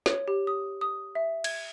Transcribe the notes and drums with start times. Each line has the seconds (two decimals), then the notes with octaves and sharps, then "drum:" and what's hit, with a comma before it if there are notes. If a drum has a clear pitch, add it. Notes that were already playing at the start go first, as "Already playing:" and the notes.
0.06 C#5, drum: snare
0.28 G4
0.47 D#6
0.81 D#6
1.15 E5
1.44 G#6, drum: cymbal